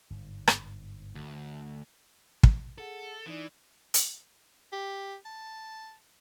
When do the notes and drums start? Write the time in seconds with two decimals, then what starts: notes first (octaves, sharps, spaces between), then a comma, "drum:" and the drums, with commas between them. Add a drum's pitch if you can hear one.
0.10 G1 G#2
0.47 drum: rim click
1.15 D2
2.43 drum: kick
2.78 G#4 A4 F#5
3.26 E3 D#4 D5
3.94 drum: hi-hat
4.73 G4
5.25 A5